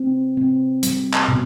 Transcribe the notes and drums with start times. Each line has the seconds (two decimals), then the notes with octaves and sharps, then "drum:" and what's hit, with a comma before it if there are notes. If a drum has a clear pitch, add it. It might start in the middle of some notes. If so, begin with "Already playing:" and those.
Already playing: C4
0.37 C4
0.83 G3, drum: hi-hat
1.14 drum: clap
1.28 B2